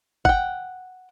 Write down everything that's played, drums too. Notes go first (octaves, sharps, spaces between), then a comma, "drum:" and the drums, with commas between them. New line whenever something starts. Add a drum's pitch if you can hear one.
F#5 G5, drum: kick